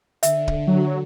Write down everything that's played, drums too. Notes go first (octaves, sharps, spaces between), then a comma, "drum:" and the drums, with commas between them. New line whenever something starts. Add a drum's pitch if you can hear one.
D3 E5, drum: hi-hat
drum: kick
F#3